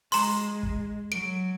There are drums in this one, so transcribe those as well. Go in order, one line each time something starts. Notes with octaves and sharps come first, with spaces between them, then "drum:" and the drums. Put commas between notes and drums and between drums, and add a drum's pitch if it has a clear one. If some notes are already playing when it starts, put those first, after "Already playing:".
G#3 A#5 C6, drum: open hi-hat
drum: kick
F#3 D7